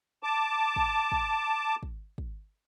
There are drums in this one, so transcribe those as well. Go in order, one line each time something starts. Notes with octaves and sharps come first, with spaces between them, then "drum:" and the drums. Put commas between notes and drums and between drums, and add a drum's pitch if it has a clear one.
A5 D6
drum: kick
drum: kick
drum: kick
drum: kick